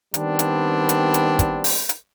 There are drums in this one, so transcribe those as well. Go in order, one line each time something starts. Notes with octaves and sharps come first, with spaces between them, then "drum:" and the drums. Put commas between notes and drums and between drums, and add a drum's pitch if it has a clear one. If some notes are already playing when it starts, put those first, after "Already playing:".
D#3 G3 B3 C4 D4, drum: hi-hat
drum: hi-hat
drum: hi-hat
drum: hi-hat
drum: kick, hi-hat
drum: open hi-hat
drum: hi-hat